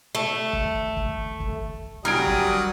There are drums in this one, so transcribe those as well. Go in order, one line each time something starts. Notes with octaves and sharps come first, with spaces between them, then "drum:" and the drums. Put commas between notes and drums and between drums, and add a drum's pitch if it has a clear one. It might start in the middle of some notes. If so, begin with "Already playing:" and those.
A3
drum: kick
drum: kick
drum: kick
F#3 G3 A#4 G#5 D#6 F6 G#6 D7
drum: kick